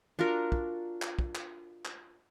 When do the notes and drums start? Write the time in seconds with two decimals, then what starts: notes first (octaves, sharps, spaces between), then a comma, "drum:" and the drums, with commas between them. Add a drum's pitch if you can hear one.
0.19 D4 F4 F#4 A#4
0.52 drum: kick
1.02 drum: clap
1.19 drum: kick
1.35 drum: clap
1.85 drum: clap